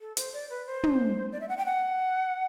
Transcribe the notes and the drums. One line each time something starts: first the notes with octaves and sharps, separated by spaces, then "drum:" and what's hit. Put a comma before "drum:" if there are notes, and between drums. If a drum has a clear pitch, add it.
A4
C5, drum: hi-hat
D5
B4
C5
drum: tom
D5
E5
F#5
G5
F#5